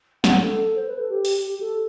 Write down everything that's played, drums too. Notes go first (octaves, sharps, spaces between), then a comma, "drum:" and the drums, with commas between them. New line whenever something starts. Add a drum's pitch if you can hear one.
F#5, drum: snare
A4
C5
B4
A4
G4
drum: open hi-hat
G4
A4